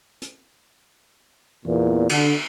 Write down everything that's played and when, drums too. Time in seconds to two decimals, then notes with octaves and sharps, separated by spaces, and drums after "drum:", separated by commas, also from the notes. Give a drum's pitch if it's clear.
0.22 drum: hi-hat
1.66 E2 A#2
2.09 D3, drum: cymbal